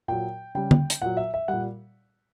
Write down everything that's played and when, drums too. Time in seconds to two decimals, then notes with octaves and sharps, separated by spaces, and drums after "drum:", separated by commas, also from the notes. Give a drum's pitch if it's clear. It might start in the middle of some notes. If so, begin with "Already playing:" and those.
0.08 A#2 F#3 G5
0.55 C#3 G3 G5
0.71 drum: tom
0.90 drum: hi-hat
1.02 A#2 F#3 F#5
1.17 E5
1.34 E5
1.48 A#2 G3 F#5